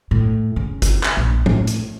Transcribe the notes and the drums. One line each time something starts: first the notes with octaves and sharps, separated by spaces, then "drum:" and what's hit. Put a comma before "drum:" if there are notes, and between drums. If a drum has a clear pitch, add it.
A2
C#3
drum: kick, hi-hat
drum: clap
A#1
A2, drum: tom
drum: hi-hat